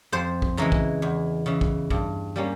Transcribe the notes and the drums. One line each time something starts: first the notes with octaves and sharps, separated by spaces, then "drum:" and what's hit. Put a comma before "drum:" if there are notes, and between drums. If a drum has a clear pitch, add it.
F2 C5
drum: kick
C#3 E3 G#3 A#5
drum: kick
E2
C#3 E3
drum: kick
G2, drum: kick
G3 A#3 C#4